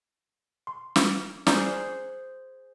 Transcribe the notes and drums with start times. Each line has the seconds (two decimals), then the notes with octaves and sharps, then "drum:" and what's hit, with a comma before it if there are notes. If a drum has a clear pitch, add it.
0.67 C6
0.96 drum: snare
1.47 G#4 C5 D5 F#5 A#5, drum: snare